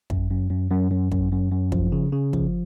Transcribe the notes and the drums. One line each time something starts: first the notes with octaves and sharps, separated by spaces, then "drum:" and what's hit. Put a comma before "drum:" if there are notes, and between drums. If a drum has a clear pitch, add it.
F#2, drum: kick
F#2
F#2
F#2
F#2
F#2, drum: kick
F#2
F#2
F3, drum: kick
C#3
C#3
F3, drum: kick